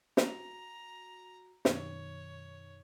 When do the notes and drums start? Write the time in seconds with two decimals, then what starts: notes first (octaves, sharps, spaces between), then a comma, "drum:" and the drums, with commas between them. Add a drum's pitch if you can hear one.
0.17 F#4 A#5, drum: snare
1.65 F#2 B2 D#3 C#5, drum: snare